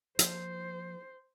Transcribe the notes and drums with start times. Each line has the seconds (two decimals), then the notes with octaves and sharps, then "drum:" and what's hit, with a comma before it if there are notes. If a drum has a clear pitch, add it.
0.19 F3 A#3 C5, drum: hi-hat